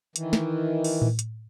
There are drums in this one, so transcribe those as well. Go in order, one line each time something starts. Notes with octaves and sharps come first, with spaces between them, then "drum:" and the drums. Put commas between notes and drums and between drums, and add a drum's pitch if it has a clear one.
D#3 E3, drum: hi-hat
drum: snare
drum: open hi-hat
drum: tom A2
drum: hi-hat